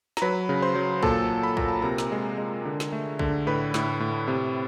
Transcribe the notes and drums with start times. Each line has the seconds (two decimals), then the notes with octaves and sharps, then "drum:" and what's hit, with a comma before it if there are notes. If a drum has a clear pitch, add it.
0.17 A#5, drum: snare
0.22 F#3 B4 B5
0.49 C#3
0.62 C5 C6
0.75 F#3
1.03 A#2 A4 A5, drum: kick
1.30 A#2
1.43 B5
1.57 A#2 A#5, drum: kick
1.68 A5
1.82 C3 A#4 A#5
1.98 drum: snare
2.12 G#3
2.38 G#3
2.65 D3
2.80 drum: snare
2.92 A3
3.19 D3, drum: kick
3.47 A2 B4 B5
3.74 A2, drum: snare
4.00 A2
4.28 C3